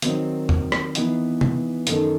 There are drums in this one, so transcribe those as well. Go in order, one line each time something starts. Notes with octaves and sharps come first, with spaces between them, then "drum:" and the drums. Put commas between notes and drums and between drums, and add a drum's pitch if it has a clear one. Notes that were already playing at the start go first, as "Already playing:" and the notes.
D#3 F#3 C4 D#4, drum: hi-hat
drum: tom E2
drum: rim click
E3 B3 D#4, drum: hi-hat
drum: tom
F#2 D#3 A3 D#4 A4, drum: hi-hat